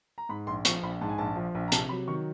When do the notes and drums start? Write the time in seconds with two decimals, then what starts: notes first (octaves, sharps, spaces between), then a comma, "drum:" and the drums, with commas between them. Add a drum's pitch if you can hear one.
0.18 A#5
0.29 G#2 B5
0.47 A#1 C6
0.65 F3 C#6, drum: hi-hat
0.83 A#1 B5
1.01 G#2 A5
1.09 G#5
1.18 A#1 A5
1.36 F3
1.55 A#1
1.68 A#5
1.72 C3 A5, drum: hi-hat
1.89 F#3 B5
2.08 D#3 C#6